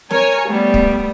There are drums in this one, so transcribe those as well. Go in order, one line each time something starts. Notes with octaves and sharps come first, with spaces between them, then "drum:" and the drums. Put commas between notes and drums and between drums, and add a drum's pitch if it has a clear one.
A#4 C#5 G#5, drum: snare
G3 A3 B3
drum: kick